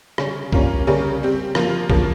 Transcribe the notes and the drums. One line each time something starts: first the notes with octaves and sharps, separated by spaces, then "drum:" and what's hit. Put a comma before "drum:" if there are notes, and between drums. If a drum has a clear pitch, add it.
C#3 G3 C#4, drum: rim click
G3 A#3 C#4 F4 A#4, drum: kick B1
C#3 G3 C#4 G4 A#4
G3 C4 G4
F3 A#3 F4, drum: rim click
C#3 F3 A#3, drum: kick B1